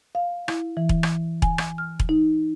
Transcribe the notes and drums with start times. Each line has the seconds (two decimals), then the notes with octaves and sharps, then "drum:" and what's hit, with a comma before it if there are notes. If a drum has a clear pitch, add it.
0.15 F5
0.48 E4, drum: rim click
0.77 E3
0.89 drum: kick E1
1.03 drum: rim click
1.42 G#5, drum: kick E1
1.58 drum: rim click
1.78 F6
2.00 drum: kick E1
2.09 D#4